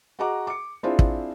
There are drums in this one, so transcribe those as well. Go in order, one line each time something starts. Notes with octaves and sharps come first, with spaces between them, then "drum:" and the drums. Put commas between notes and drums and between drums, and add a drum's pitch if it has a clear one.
F#4 G#4 D#5 F#5 A#5 D6
D6 C#7
C4 D4 E4 F4 G#4 C5
drum: kick